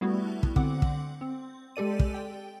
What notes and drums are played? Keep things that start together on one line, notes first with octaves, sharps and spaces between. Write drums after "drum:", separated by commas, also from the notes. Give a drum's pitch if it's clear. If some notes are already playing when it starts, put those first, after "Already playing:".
G3 A3 B3 E4 F#4
drum: kick
D3 C4 F#5 D6, drum: kick
drum: kick
C4
G#3 G4 A4 D5 D#7
drum: kick
G5